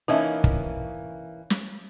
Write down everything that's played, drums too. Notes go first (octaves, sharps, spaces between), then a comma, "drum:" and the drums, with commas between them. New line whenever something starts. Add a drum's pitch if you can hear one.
E3 A#3 C#4 D#4 D#5 E5
drum: kick
drum: snare